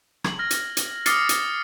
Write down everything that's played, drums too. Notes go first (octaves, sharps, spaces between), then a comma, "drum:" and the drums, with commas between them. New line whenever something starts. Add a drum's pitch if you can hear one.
G#6 F#7, drum: rim click
F6 A#6
drum: hi-hat
drum: hi-hat
D6 D#6 F6 A6 C7 C#7, drum: hi-hat
drum: hi-hat